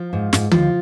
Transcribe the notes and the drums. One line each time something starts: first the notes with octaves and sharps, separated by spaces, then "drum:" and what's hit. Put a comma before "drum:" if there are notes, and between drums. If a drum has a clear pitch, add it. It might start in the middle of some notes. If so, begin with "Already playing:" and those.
Already playing: F3 F4
G#2
G#2, drum: snare
D#2 F3 F4, drum: tom D3